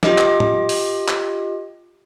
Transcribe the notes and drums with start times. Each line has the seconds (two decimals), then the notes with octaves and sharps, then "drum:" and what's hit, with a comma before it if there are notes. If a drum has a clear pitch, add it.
0.03 F4 G4 D#5 D6, drum: snare
0.18 drum: clap
0.40 drum: tom
0.69 drum: open hi-hat
1.08 drum: clap